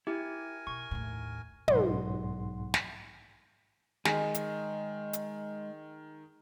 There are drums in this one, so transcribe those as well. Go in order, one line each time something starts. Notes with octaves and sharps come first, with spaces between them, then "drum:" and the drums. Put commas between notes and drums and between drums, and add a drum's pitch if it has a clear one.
E4 G4 A#4 G#5
B2 C#6
D#2 A2
B1 G#2 F#5 C6, drum: tom
drum: snare
D#3 G#3 G#4 D#5, drum: snare
drum: hi-hat
drum: hi-hat